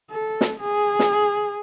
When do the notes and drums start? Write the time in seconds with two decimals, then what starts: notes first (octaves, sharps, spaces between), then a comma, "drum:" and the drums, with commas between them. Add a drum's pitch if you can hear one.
0.11 A4
0.41 drum: snare
0.60 G#4
0.99 drum: snare